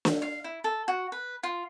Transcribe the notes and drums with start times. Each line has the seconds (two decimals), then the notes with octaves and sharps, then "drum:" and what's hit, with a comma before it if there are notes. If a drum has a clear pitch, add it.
0.05 drum: snare
0.22 F5
0.44 E4
0.64 A4
0.88 F#4
1.12 B4
1.43 F4